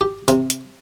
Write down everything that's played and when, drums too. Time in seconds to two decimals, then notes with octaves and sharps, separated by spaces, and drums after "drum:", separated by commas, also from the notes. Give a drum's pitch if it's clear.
0.01 G4
0.28 C3, drum: hi-hat
0.50 drum: hi-hat